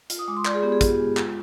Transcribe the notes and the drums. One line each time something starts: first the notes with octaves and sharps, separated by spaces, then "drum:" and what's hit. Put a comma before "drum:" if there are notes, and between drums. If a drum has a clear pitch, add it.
F4, drum: hi-hat
D#6
G#3 D6
C6
F4 D5, drum: clap
G#4
B3 G4
G#4
F4 G4, drum: kick, hi-hat
G#3
F4, drum: clap